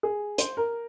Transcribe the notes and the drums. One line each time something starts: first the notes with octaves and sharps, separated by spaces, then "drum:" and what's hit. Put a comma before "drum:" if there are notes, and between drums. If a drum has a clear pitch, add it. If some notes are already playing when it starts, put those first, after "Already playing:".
G#4
C5, drum: hi-hat
A#4